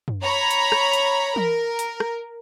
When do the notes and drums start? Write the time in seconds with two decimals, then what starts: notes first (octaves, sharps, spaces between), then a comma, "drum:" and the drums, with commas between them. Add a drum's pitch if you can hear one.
0.08 drum: tom F#2
0.22 C#5 A#5 B5
0.51 drum: hi-hat
0.72 drum: rim click
0.93 drum: hi-hat
1.36 A#4, drum: tom E3
1.79 drum: hi-hat
2.00 drum: rim click